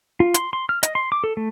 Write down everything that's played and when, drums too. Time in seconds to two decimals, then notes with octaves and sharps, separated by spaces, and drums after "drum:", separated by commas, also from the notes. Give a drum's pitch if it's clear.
0.20 F4
0.34 C6, drum: hi-hat
0.53 C6
0.69 F6
0.83 D#5, drum: hi-hat
0.95 C6
1.12 D6
1.24 A4
1.37 A3